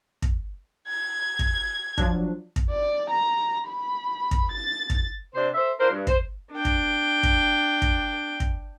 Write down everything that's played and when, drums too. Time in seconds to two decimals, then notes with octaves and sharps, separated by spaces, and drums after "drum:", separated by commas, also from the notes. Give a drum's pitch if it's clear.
0.22 drum: kick
0.88 G#6
1.39 drum: kick
1.98 F3 F#3 D4, drum: kick
2.56 drum: kick
2.70 D5
3.10 A#5
3.69 B5
4.31 drum: kick
4.51 A6
4.90 drum: kick
5.34 C3 D4 C5
5.54 A4 C5 E5
5.79 D4 F4 A#4 C5
5.91 G2
6.07 C5, drum: kick
6.52 D4 G5
6.65 drum: kick
7.23 drum: kick
7.82 drum: kick
8.40 drum: kick